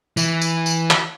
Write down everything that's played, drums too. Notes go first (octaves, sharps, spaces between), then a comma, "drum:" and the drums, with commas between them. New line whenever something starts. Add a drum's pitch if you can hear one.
E3, drum: tambourine
drum: tambourine
drum: tambourine
drum: clap